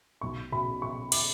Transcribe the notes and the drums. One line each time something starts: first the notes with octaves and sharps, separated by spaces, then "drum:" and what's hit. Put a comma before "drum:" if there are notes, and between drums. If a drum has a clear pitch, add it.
B1 C#6
B2 B5
B2 C#6
D6, drum: cymbal